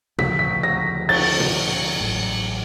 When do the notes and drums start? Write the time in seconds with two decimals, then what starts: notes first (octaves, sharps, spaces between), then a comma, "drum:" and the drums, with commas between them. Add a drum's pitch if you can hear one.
0.18 D2 C#3 F3 A3 B6, drum: tom A#2
0.39 B6
0.63 A#6
1.09 A6, drum: cymbal
1.40 drum: tom A#2
2.01 A1 A2 F#3